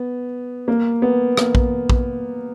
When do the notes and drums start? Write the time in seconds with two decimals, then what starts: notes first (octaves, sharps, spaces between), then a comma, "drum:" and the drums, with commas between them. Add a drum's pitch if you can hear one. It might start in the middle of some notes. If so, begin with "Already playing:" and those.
Already playing: B3
0.68 A#3
1.02 B3
1.37 A#3, drum: rim click
1.55 drum: kick
1.90 drum: kick